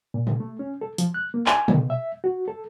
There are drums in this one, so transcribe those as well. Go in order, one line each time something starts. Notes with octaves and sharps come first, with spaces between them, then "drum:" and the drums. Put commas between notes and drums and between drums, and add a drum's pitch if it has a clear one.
A#2
drum: tom
A3
C#4
A4
F3, drum: hi-hat
F#6
A#3
G#5, drum: clap
B2, drum: tom
E5
F#4
A4